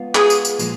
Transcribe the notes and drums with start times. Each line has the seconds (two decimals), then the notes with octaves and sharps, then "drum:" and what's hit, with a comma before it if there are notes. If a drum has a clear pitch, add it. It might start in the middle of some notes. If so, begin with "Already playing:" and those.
Already playing: G#3 B3 F4
0.15 G#4, drum: clap
0.30 drum: tambourine
0.45 drum: tambourine
0.59 A#2 F3 G#3, drum: tambourine